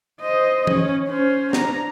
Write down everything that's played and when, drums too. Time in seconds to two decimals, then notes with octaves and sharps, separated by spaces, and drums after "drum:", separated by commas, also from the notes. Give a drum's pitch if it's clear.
0.21 C5 D#5
0.67 C#4, drum: tom
1.08 C#4 C5
1.53 D4 A#5, drum: snare